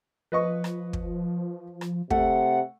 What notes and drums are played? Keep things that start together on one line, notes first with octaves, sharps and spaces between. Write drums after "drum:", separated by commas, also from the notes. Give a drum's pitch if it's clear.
F3 B4 D#5 C#6
drum: rim click
drum: kick
drum: rim click
C3 A3 F#5, drum: kick